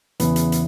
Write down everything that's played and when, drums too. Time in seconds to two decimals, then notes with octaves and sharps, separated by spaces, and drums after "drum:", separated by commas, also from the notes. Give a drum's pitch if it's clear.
0.20 E2 C#3 E3 B3, drum: hi-hat
0.36 drum: hi-hat
0.52 drum: hi-hat